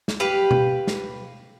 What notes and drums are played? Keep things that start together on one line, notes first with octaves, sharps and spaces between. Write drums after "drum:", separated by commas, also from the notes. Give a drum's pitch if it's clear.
drum: snare
G4 B4 F5
drum: tom B2
drum: snare